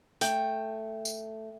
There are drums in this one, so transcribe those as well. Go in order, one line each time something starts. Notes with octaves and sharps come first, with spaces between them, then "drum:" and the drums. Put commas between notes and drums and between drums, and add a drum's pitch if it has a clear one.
A3 G5, drum: hi-hat
drum: tambourine